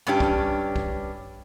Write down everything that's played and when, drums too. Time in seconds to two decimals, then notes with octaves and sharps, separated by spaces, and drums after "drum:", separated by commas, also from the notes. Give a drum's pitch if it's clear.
0.07 G2 C#4 D4 G4
0.20 drum: kick
0.76 drum: kick